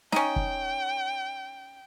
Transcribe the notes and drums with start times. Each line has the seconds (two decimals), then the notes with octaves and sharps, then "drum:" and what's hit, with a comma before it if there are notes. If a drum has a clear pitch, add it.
0.12 C#4 D#4 G5, drum: snare
0.36 drum: kick